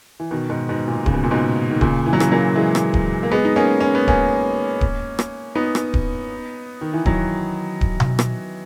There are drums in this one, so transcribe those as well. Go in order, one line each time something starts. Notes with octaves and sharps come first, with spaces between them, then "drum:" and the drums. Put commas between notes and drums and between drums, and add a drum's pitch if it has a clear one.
E3
B2 D#3
G#2 B2
G#2 B2
A#2
C#3, drum: kick D1
B2
A#2
G#2 B2
D#3
A#2 C#3, drum: kick D1
E3
F#3
C#3 E3, drum: rim click
F#3 A#3
E3 G#3
drum: rim click
drum: kick D1
A#3
G#3 B3
D#4
A#3 C#4
C#4
B3
A#3 C#4, drum: kick D1
drum: kick D1
drum: rim click
B3 D#4
drum: rim click
drum: kick D1
D#3
E3
D#3 F#3, drum: kick D1
drum: kick D1
drum: tom B2
drum: rim click